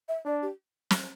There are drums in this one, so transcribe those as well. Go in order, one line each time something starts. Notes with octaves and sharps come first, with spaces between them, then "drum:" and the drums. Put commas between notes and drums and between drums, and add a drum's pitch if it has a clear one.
E5
D4 D5
G4
drum: snare